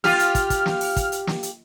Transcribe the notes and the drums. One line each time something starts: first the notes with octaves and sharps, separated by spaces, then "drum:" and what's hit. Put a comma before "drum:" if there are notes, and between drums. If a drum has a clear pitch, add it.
F4 G4 F6, drum: snare
drum: hi-hat
drum: kick, hi-hat
drum: kick, hi-hat
drum: snare
drum: open hi-hat
drum: kick, hi-hat
drum: hi-hat
drum: snare
drum: hi-hat